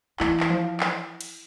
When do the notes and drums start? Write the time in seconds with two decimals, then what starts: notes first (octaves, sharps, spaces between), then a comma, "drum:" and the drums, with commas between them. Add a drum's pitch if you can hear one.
0.20 E3 E4, drum: clap
0.40 drum: clap
0.49 F3
0.80 drum: clap
1.21 drum: cymbal